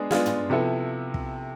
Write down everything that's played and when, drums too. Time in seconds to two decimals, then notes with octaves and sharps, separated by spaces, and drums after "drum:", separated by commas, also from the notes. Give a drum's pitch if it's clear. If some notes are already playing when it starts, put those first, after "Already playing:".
Already playing: G#3 B3 D4 G#4
0.11 G#3 B3 D4 F4 G#4, drum: snare
0.26 drum: tom
0.50 C3 F3 B3 E4 A4
1.14 drum: kick